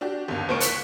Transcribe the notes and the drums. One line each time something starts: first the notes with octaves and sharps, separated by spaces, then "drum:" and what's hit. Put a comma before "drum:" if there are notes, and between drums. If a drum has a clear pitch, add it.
D4 F#4 G4
G1 D#2
C#2 A#3 C5 C#5 C#6 D7
C#6 F#6 B6, drum: hi-hat